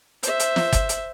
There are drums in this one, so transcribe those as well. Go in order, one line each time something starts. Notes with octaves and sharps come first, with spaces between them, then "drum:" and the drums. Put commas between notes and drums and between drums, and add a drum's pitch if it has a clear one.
C5 E5, drum: hi-hat
drum: hi-hat
drum: snare
drum: kick, hi-hat
drum: hi-hat